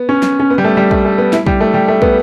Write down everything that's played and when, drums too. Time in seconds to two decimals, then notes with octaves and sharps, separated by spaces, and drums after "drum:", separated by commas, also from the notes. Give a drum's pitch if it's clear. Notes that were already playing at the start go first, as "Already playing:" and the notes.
Already playing: B3
0.09 C#4
0.23 drum: snare
0.39 C#4
0.50 B3
0.58 G3
0.64 A3
0.77 G3
0.91 A3, drum: kick
1.05 A3
1.18 B3
1.33 E4, drum: snare
1.46 G3, drum: kick
1.61 A3
1.74 G3
1.88 A3
2.02 B3, drum: kick